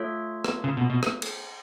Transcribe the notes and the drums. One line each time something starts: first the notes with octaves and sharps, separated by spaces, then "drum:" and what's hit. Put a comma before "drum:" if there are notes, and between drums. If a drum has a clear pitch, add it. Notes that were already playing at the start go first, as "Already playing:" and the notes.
Already playing: A3 F4 A4 C#5
drum: rim click
C#3
B2
B2
drum: rim click
drum: cymbal